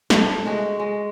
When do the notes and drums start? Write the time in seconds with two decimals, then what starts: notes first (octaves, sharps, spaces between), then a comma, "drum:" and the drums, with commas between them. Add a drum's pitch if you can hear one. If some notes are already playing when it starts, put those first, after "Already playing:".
0.10 A3, drum: snare
0.46 G#3 F#4
0.80 G#3